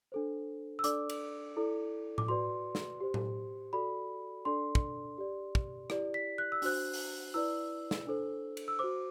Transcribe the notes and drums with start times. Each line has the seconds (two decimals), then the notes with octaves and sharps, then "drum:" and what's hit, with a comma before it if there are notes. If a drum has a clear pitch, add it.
0.12 D4 A4 C5
0.79 E6
0.84 D4 A4 D5 D6, drum: hi-hat
1.09 drum: cymbal
1.57 E4 A4 D5
2.18 D6, drum: tom A2
2.28 F#4 B4 D5 C6
2.75 drum: snare
3.01 G4 C5
3.14 drum: tom A2
3.73 F#4 A4 D5 B5
4.45 D4 A4 D5 C6
4.75 drum: kick
5.18 G4 D5
5.55 drum: kick
5.90 E4 G4 D5, drum: rim click
6.14 B6
6.38 F#6
6.52 E6
6.62 D4 F#4 C5 F#6, drum: open hi-hat
6.93 drum: open hi-hat
7.34 E4 B4 D5 E6
7.91 drum: snare
8.07 D4 A4 C5
8.57 drum: cymbal
8.68 E6
8.79 F#4 C5 D6